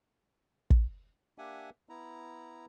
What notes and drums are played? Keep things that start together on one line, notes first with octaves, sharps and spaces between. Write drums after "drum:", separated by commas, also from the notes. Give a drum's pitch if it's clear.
drum: kick
A#3 D4 G4 E5 F#5 G#5
B3 E4 A#5